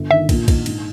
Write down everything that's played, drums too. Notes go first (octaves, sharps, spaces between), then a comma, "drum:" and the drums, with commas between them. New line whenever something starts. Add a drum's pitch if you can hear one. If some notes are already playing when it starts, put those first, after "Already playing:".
Already playing: G1
D#3 E5
A#2, drum: kick, cymbal
D#4, drum: kick, cymbal
G#2, drum: cymbal